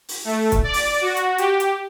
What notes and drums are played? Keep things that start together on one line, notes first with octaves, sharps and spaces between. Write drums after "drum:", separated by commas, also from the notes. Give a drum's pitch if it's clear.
drum: open hi-hat
A3
drum: kick, hi-hat
D5
drum: open hi-hat
F#4
drum: hi-hat
G4, drum: hi-hat
drum: hi-hat